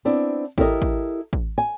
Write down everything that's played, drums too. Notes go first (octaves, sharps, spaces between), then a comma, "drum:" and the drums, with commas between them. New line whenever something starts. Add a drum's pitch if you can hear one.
B3 C4 D4 E4
E4 G4 A4 A#4 C#5 D#5, drum: kick
drum: kick
drum: kick
G#5